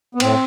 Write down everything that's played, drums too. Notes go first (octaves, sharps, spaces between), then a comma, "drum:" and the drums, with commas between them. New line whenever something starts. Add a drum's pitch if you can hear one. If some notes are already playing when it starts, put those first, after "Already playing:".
B3
A2 C4, drum: cymbal